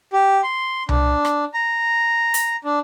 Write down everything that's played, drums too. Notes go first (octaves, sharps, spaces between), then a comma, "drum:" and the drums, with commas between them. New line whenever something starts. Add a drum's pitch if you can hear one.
G4
C6
D4, drum: tom C2
drum: rim click
A#5
drum: hi-hat
D4